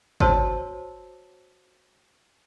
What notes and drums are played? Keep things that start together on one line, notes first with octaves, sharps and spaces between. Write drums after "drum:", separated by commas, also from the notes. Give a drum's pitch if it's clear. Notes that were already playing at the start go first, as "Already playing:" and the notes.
F#4 C5 C#5 A5 E6, drum: kick G1